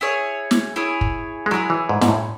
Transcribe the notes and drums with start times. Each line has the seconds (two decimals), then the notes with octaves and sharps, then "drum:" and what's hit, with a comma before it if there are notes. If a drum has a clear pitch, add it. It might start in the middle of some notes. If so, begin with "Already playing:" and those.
0.01 E4 G#4 C#5
0.51 drum: snare
0.76 E4 G#4 C#5
1.01 drum: kick
1.46 G#3
1.51 F#3 E4 G#4 C#5
1.70 E3
1.89 G#2
2.01 G#2, drum: snare
2.08 A2